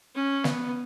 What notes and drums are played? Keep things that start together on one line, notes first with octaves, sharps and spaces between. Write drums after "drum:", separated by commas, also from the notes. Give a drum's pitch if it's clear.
C#4
B3, drum: snare